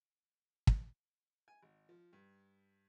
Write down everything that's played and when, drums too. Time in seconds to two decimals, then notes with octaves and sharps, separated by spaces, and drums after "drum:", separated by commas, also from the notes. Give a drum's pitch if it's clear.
0.67 drum: kick
1.48 G#5
1.63 G#1
1.89 F3
2.13 G2